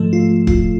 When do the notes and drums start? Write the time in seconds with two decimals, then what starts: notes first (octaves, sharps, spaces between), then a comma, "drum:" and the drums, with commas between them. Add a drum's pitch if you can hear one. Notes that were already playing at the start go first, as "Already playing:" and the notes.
Already playing: G#2 F3 A3 A4
0.13 F4
0.47 F4, drum: kick